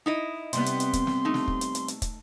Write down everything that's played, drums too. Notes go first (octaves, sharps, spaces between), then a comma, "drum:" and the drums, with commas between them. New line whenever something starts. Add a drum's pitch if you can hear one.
D#4 E4 D#5
C3 G3 B3 C6, drum: hi-hat
drum: hi-hat
drum: hi-hat
drum: kick, hi-hat
drum: snare
A3 D#4
drum: snare
drum: kick
drum: hi-hat
drum: hi-hat
drum: hi-hat
drum: kick, hi-hat